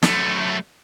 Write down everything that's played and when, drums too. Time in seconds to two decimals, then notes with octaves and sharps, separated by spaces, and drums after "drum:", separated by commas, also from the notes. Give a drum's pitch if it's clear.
0.02 F#2 A3, drum: snare